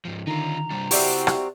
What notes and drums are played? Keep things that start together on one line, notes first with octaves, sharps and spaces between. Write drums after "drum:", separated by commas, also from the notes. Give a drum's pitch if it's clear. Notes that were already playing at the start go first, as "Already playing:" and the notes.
G#2 F3
D3 D#3 D#4 F4 A#5
C3 G3 D4
G3 C4 E4 F#4 G4 C5 D5 E5, drum: open hi-hat
drum: rim click